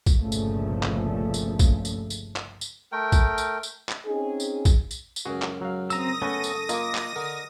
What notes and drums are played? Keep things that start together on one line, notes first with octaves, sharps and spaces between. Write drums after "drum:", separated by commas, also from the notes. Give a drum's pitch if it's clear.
drum: kick, tambourine
G1 C2 A#2 C#3 F3 A3
drum: tambourine
drum: clap
drum: tambourine
drum: kick, tambourine
drum: tambourine
drum: tambourine
drum: clap
drum: tambourine
A3 A#4 G5
drum: kick, tambourine
drum: tambourine
drum: tambourine
drum: clap
C4 C#4 D#4 G#4
drum: tambourine
drum: kick, tambourine
drum: tambourine
drum: tambourine
C#2 F#2 F#4 G#4
drum: clap
F#3 F5
C4 A#5 D#6 E6 A#6, drum: tambourine
A3 B3 C#4 A4 C#6
drum: tambourine
A#3 F4 A#4 D#5 D6, drum: tambourine
drum: clap
D3 A#4